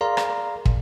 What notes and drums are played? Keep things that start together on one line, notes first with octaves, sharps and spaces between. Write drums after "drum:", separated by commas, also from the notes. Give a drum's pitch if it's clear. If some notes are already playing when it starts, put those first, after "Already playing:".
G#4 A#4 D5 F5 A#5 C6
drum: rim click
drum: kick